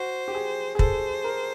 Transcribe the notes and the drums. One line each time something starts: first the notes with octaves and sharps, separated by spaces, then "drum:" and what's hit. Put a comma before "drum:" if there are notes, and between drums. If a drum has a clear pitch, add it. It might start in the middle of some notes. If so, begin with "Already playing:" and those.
Already playing: F#4 C5
G4
G#4
G#4
A4 C5, drum: kick
A#4